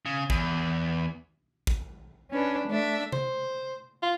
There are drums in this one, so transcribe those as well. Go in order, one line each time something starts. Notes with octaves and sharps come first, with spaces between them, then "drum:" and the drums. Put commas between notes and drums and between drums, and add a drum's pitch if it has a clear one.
C#3
E2, drum: kick
drum: kick
C#4 D4 B4
A3 D4 E5
C5, drum: tom C3
F4